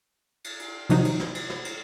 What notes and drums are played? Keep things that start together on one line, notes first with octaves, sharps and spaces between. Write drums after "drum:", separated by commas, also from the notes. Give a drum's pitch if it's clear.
drum: cymbal
drum: cymbal
C3 D#3 F3 F#3 D#4, drum: cymbal
drum: cymbal
drum: snare
drum: cymbal
drum: snare
drum: cymbal